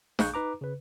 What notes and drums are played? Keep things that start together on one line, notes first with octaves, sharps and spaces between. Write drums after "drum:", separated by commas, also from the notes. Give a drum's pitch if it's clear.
A#1 G#4 F5 C#6 F#6 G6, drum: snare
D#4 B4 A#5 D6
C#3 B4